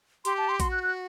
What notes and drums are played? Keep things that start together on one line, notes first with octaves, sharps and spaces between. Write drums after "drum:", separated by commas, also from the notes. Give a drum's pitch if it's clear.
G4 C6, drum: hi-hat
A5
C6
F#4 C6, drum: kick A#1, hi-hat
F#6
F#6